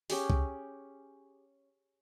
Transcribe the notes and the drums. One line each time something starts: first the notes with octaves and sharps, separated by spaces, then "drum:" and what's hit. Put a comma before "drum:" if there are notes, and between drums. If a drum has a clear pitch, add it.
C#4 G4 G#4, drum: open hi-hat
drum: kick C2